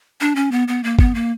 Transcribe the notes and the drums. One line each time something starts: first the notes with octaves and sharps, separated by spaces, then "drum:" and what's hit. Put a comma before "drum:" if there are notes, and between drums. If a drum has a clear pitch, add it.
D4
C#4
B3
B3
A#3
B3, drum: kick
A#3